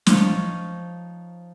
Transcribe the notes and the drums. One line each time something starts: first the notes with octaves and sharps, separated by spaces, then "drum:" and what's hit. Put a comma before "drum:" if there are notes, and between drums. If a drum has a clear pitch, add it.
F3 D#4 C#5, drum: snare